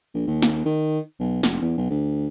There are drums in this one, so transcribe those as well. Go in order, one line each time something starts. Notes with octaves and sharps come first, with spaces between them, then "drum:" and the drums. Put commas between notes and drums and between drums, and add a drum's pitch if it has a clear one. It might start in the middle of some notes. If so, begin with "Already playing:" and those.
A#1
D#2
drum: snare
D#3
B1
F1, drum: snare
E2
B1
D2